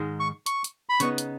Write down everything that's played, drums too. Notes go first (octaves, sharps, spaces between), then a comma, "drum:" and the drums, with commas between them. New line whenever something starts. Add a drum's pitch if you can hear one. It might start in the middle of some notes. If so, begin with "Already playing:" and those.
Already playing: G#2 D#3 G#3
C#6
C#6, drum: hi-hat
drum: hi-hat
B5
C#3 B3 D#4 C#6, drum: hi-hat
drum: hi-hat